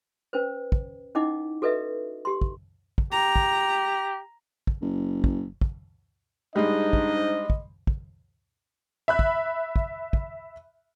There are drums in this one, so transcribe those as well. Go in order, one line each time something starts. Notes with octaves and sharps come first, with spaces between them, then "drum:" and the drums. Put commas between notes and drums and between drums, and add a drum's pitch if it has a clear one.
C#4 B4 C5
drum: kick
C#4 D#4 E4 D#5 F#5 D6
F#4 A4 B4 D#5 E5
G4 C6
drum: kick
drum: kick
G4 A#5
drum: kick
drum: kick
F#1
drum: kick
drum: kick
G#2 G3 G#3 D4 D#4 D#5
drum: kick
drum: kick
drum: kick
E5 B5 F#6
drum: kick
drum: kick
drum: kick